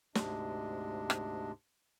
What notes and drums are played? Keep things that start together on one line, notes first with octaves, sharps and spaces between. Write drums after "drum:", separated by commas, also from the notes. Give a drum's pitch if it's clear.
D2 G#2 C3 D4 D#5, drum: snare
drum: rim click